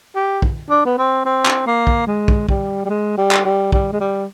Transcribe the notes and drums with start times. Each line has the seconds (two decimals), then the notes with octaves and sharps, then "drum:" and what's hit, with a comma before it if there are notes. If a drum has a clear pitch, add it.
0.15 G4
0.42 drum: kick
0.70 D4
0.85 B3
0.98 C4
1.25 C4
1.46 drum: clap
1.66 A#3
1.87 drum: kick
2.07 G#3
2.28 drum: kick
2.49 G3, drum: kick
2.85 G3
2.90 G#3
3.17 G3
3.31 drum: clap
3.45 G3
3.72 G3, drum: kick
3.93 G#3
4.00 G3